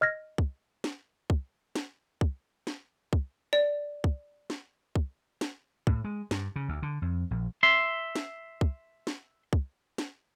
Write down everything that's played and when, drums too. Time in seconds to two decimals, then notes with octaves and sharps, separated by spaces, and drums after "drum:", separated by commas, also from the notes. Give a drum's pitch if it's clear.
0.01 D#5 F6 G#6 A#6
0.38 drum: kick
0.84 drum: snare
1.30 drum: kick
1.75 drum: snare
2.21 drum: kick
2.67 drum: snare
3.13 drum: kick
3.53 D5
4.04 drum: kick
4.50 drum: snare
4.95 drum: kick
5.41 drum: snare
5.87 A2, drum: kick
6.04 G#3
6.31 G2, drum: snare
6.56 C#3
6.69 D2
6.82 D3
7.02 F2
7.31 A#1
7.63 E5 C6
8.15 drum: snare
8.61 drum: kick
9.07 drum: snare
9.53 drum: kick
9.98 drum: snare